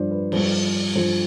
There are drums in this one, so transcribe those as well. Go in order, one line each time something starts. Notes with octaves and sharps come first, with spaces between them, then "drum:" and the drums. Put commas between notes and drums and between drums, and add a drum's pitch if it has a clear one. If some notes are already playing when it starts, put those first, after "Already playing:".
Already playing: G2 F3 D4 C5 D5
B4
G2 F3 C5, drum: cymbal
G2 F3 C5